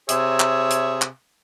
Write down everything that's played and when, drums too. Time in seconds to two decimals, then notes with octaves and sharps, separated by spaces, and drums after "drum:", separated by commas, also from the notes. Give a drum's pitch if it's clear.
0.09 C3 G#4 C#5 E5, drum: hi-hat
0.40 drum: clap
0.71 drum: hi-hat
1.02 drum: clap